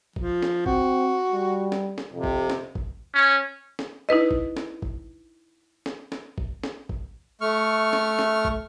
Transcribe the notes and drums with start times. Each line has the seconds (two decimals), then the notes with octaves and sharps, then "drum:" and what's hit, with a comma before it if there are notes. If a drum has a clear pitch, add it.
0.16 F3, drum: kick
0.42 drum: snare
0.66 C4 F#4, drum: kick
1.32 G3
1.72 drum: snare
1.98 drum: snare
2.13 F2 C3
2.24 drum: kick
2.50 drum: snare
2.75 drum: kick
3.14 C#4
3.79 drum: snare
4.09 D#4 E4 B4 D#5
4.31 drum: kick
4.57 drum: snare
4.82 drum: kick
5.86 drum: snare
6.12 drum: snare
6.38 drum: kick
6.64 drum: snare
6.89 drum: kick
7.41 A3 C#6 F6
7.93 drum: snare
8.19 drum: snare
8.45 drum: kick